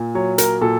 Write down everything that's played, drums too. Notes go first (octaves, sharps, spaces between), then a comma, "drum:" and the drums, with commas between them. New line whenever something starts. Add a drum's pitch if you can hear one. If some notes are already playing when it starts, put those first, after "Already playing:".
Already playing: A#2
F#3 C#5
A#4, drum: hi-hat
A#2 A4